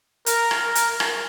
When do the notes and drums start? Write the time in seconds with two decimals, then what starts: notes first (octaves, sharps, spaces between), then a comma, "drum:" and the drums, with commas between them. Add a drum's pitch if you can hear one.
0.26 A#4, drum: hi-hat
0.51 drum: rim click
0.63 A#4
0.75 drum: hi-hat
1.00 drum: rim click